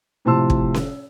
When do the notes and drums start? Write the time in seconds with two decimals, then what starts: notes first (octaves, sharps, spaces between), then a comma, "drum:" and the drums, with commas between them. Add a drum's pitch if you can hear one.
0.25 A2 C3 F3 A5 C6 E6
0.50 drum: kick
0.74 drum: snare C#4